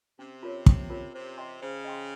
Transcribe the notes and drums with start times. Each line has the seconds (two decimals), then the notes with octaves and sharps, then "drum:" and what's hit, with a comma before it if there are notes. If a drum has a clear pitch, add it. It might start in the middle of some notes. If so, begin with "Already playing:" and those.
0.19 C3 C#4
0.43 F4 A#4 C#5
0.66 C#4, drum: kick
0.90 F4 A#4 C#5
1.14 C3 C5
1.38 D#5 G5 C6
1.61 C#3 C5
1.85 D#5 G5 C6